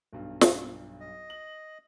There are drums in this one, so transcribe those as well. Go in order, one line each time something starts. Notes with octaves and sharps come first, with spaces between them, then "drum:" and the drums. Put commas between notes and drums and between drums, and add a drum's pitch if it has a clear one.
B1 G2
drum: snare
D#5
F#7